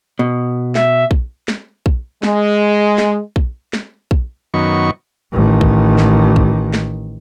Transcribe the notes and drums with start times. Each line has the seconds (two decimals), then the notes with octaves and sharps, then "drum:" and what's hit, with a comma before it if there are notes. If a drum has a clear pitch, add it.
0.19 B2
0.75 E5, drum: snare
1.11 drum: kick A#1
1.48 drum: snare
1.86 drum: kick A#1
2.23 G#3, drum: snare
2.98 drum: snare
3.36 drum: kick A#1
3.73 drum: snare
4.11 drum: kick A#1
4.54 F#2 D#3 B3 C#6
5.32 A1 D#3
5.61 drum: kick A#1
5.99 drum: snare
6.36 drum: kick A#1
6.74 drum: snare